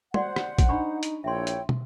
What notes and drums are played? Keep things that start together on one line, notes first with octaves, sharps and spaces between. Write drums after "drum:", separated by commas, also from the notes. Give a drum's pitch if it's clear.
F#4 C5 D5 F#5 C6, drum: tom
drum: rim click
drum: kick, hi-hat
D4 D#4 B5 C#6
drum: hi-hat
A#1 E4 C#5 E5 G5 C6
drum: hi-hat
drum: tom